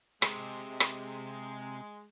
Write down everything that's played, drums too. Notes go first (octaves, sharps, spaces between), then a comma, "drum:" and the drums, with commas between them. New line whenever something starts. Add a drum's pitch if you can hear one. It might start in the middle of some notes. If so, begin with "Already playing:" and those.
C3 G#3, drum: rim click
drum: rim click